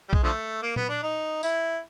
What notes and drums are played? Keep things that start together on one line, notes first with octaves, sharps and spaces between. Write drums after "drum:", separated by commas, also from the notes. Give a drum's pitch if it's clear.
G3
G#3, drum: kick
D3 F3 A3
A#3
B3, drum: tom A#2
D4
D#4
E4, drum: tambourine